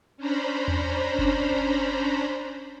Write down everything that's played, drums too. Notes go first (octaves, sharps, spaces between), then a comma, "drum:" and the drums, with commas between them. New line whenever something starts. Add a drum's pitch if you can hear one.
C#4 D4 C5 A#5 B5
drum: tom E2
drum: kick F#1